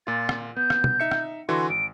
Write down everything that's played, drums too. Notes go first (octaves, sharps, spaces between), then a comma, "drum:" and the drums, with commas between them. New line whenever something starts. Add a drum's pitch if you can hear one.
A#2 F4 A6
drum: rim click
B3 G6
drum: rim click
drum: tom
D#4 E5 C#7
drum: rim click
D3 E3 F#4 C6
G#1 D7